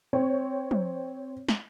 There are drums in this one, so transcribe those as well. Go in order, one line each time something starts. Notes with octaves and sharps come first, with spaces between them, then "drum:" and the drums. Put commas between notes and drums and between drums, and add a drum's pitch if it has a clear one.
C4 C#5
drum: tom
drum: snare